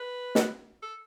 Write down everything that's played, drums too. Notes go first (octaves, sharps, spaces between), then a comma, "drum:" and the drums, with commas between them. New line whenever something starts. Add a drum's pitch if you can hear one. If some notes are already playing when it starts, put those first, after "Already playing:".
Already playing: B4
drum: snare
A4